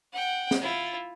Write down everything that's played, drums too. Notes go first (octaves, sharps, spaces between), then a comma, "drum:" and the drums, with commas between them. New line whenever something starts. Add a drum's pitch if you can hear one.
F#5 G5
drum: snare
E4 F4